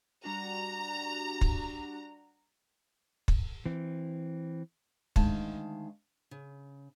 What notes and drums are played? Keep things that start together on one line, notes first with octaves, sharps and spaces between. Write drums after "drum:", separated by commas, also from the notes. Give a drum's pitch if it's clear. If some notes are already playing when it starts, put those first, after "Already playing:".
G3 D4 F#4 A#5
drum: kick
drum: kick
E3 C4
D2 D#3 G#3 F5 A5, drum: kick
C#3